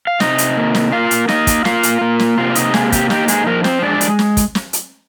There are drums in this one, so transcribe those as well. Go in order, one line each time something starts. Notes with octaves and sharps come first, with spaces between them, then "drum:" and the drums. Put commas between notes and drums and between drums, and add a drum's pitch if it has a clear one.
F5
C3 D#4 D#5, drum: snare
drum: hi-hat
A#3
drum: snare
A#3 F4 F5
drum: hi-hat
A#3 D#4 D#5, drum: snare
drum: kick, hi-hat
A#3 F4 F5, drum: snare
drum: hi-hat
A#3
drum: snare
C3 F4 F5
D5
D#4 D#5, drum: hi-hat
G#3 A#3 G#4, drum: snare
G4, drum: kick, hi-hat
D#4 G4, drum: snare
G#3 G#4, drum: hi-hat
F3 A#3 A#4
C4 C5, drum: snare
G#3 D4 D5
drum: hi-hat
drum: snare
drum: kick, hi-hat
drum: snare
drum: hi-hat